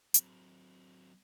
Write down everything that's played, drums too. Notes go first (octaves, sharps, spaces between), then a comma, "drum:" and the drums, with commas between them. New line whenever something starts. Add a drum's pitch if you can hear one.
F#3 C4, drum: hi-hat